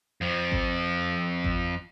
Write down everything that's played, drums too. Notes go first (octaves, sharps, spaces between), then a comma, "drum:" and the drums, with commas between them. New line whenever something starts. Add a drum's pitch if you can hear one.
F2 F3
drum: kick G#1
drum: kick G#1